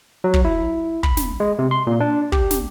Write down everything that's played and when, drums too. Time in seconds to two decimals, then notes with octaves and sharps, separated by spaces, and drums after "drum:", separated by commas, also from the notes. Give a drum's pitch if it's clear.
0.24 F#3
0.34 drum: kick
0.45 E4
1.03 B5, drum: kick
1.17 drum: snare
1.40 G#3
1.59 C3
1.71 C6
1.87 A#2
2.00 D4
2.32 G4, drum: kick
2.51 drum: snare